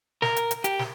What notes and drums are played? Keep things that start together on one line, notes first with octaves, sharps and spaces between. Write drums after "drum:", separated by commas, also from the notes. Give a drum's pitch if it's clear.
A#4, drum: snare
drum: hi-hat
drum: hi-hat
G4, drum: hi-hat
drum: snare